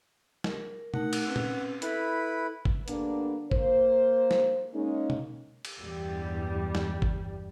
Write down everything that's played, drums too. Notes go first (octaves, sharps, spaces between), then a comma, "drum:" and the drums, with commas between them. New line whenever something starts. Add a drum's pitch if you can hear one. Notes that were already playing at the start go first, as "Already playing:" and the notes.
A#4, drum: snare
A3 D#4 A#4 F#5, drum: tom B2
drum: cymbal
C4 C#4 B4
drum: tom A#2
E4 A4 B4 B5, drum: hi-hat
drum: kick G#1
D3 G3 A#3 B3 D4, drum: hi-hat
A#3 C5, drum: kick G#1
drum: snare
G#3 A#3 C#4 D#4
drum: tom B2
drum: cymbal
E2 G2 G3
drum: snare
drum: kick G#1